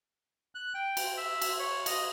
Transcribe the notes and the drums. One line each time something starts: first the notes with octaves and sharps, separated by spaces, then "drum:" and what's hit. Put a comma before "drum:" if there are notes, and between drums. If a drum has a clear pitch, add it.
F#6
G5
drum: cymbal
E5
drum: cymbal
C#5
D#5, drum: cymbal